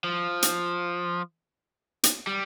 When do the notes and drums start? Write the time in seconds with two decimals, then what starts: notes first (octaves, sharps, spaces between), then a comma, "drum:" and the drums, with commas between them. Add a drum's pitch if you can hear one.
0.04 F3
0.42 drum: hi-hat
2.03 drum: hi-hat
2.27 G3